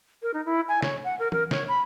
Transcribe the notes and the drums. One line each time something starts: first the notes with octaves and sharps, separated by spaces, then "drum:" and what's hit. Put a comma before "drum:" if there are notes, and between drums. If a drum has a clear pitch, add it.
A#4
D#4
E4
G#5
C#5, drum: snare
F#5
A#4
A#4, drum: tom E3
C#5, drum: snare
B5